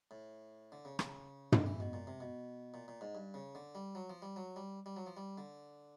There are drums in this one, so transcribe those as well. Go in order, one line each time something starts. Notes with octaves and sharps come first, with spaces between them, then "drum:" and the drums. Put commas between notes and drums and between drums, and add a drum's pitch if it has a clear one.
A2
D3
C#3
C#3, drum: rim click
D3, drum: tom
E3
B2
A#2
C3
B2
A#2
A#2
G#2
G2
C#3
D3
G3
F#3
F3
G3
F#3
G3
G3
F#3
F3
G3
D3